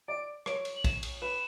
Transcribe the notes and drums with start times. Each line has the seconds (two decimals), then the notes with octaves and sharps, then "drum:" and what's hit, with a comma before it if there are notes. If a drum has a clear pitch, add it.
0.08 D5 D7
0.46 C#5 D7, drum: rim click
0.65 drum: cymbal
0.76 F#7
0.84 E7, drum: kick A#1, cymbal
1.03 drum: cymbal
1.22 B4 E7